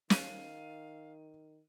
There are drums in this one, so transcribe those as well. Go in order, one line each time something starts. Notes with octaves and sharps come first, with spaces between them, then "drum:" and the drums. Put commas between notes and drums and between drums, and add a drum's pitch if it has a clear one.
D#3 F5 D#7, drum: snare